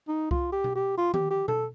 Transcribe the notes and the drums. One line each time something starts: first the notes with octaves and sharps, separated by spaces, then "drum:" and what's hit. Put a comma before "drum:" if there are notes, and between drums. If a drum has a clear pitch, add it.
D#4
F4, drum: kick C2
G4
drum: tom B2
G4
F4
G4, drum: tom D#3
G4
A4, drum: tom B2